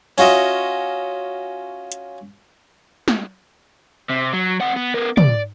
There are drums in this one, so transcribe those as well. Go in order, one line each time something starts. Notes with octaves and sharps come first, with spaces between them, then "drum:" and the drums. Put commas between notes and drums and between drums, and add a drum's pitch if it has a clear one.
C#4 F4 F#4 D#5 E5, drum: open hi-hat
drum: hi-hat
drum: snare
C3
F#3
C4 F#5
B3
B3 A#4
D5, drum: tom